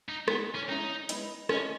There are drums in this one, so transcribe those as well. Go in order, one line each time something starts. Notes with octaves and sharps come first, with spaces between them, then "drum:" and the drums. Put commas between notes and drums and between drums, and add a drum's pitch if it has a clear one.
D#4
E3 G#3 B3 D#4 G#4, drum: rim click
C#4
G#3 C#4 D#4 E4
G#3 B3 E4 B4 D#5, drum: hi-hat
A3 C#4 E4 B4 D#5, drum: rim click